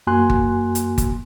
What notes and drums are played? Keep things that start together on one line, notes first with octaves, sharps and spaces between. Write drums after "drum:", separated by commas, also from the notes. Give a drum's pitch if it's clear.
F#2 A#3 F#4 G#5 C6 F#6
drum: kick G1
drum: hi-hat
drum: kick G1, hi-hat